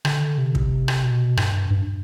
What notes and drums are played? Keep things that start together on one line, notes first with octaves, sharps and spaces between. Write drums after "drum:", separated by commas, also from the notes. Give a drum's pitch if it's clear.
D3, drum: rim click
C3
drum: kick
drum: rim click
B2
G2, drum: rim click
G2